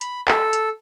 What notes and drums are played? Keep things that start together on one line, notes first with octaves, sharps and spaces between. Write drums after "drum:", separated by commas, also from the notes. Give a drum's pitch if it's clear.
B5, drum: hi-hat
A4, drum: clap
drum: hi-hat